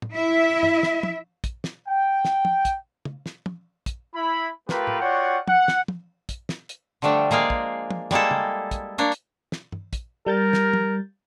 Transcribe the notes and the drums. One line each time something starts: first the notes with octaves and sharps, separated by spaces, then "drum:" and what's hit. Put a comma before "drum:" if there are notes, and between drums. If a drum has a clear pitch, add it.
drum: tom
E4 E5
drum: tom
drum: snare
drum: tom
drum: kick, hi-hat
drum: snare
G5
drum: snare
drum: tom
drum: kick, hi-hat
drum: tom
drum: snare
drum: tom
drum: kick, hi-hat
E4 B5
A3 F4 G4 A#4 B4, drum: snare
drum: tom
F4 F#4 C#5 D5 F#5 G5
F#5, drum: tom
drum: snare
drum: tom
drum: kick, hi-hat
drum: snare
drum: hi-hat
D3 F3 G3 A3 D4
G#3 A#3 G#4 D5 F5, drum: tom
drum: kick
drum: tom
G3 G#3 A#3 E4 A4, drum: snare
drum: tom
drum: kick, hi-hat
A#3 D4 C#5
drum: hi-hat
drum: snare
drum: tom
drum: kick, hi-hat
G3 A#4 G6 A6
drum: snare
drum: tom